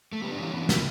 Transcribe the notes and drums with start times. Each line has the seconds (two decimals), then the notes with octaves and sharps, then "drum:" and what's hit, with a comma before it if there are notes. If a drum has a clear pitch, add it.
0.12 A3
0.22 G3 B3
0.32 D4
0.38 E3 C#4
0.53 E3 B3
0.61 C#4
0.69 C#3 B3, drum: snare